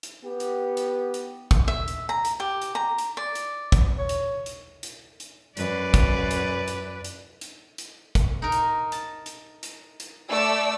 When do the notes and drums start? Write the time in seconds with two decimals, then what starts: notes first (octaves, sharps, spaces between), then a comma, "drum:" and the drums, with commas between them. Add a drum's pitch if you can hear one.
0.03 drum: hi-hat
0.24 B3 G4
0.40 drum: hi-hat
0.77 drum: hi-hat
1.14 drum: hi-hat
1.51 drum: kick, hi-hat
1.68 E5
1.88 drum: hi-hat
2.09 A#5
2.25 drum: hi-hat
2.40 G4
2.62 drum: hi-hat
2.75 A#5
2.98 drum: hi-hat
3.17 D5
3.35 drum: hi-hat
3.72 drum: kick, hi-hat
3.98 C#5
4.09 drum: hi-hat
4.46 drum: hi-hat
4.83 drum: hi-hat
5.20 drum: hi-hat
5.57 F#2 B4 D5, drum: hi-hat
5.94 drum: kick, hi-hat
6.31 drum: hi-hat
6.68 drum: hi-hat
7.05 drum: hi-hat
7.41 drum: hi-hat
7.78 drum: hi-hat
8.15 drum: kick, hi-hat
8.42 D#4 A#4
8.52 drum: hi-hat
8.92 A5, drum: hi-hat
9.26 drum: hi-hat
9.63 drum: hi-hat
10.00 drum: hi-hat
10.28 A3 D5 E6